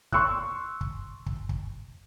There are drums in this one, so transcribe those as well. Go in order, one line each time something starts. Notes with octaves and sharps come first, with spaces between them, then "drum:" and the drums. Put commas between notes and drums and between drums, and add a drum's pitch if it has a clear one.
C6 C#6 E6 F#6, drum: kick
drum: kick
drum: kick
drum: kick